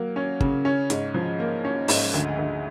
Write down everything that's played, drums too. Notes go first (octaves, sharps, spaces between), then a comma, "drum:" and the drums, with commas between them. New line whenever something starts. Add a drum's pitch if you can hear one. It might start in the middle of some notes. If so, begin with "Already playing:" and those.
Already playing: F#3 A#3
C#4
C#3, drum: kick
C#4
G#2, drum: hi-hat
F3
A#3
C#4
G#2, drum: open hi-hat
D2
D2